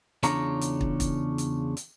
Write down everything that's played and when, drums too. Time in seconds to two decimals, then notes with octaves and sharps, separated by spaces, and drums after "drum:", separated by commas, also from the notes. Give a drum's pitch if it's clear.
0.23 E2 C#3 D4 F4 C#5 A#5, drum: hi-hat
0.61 drum: hi-hat
0.81 drum: kick
1.00 drum: kick, hi-hat
1.38 drum: hi-hat
1.77 drum: hi-hat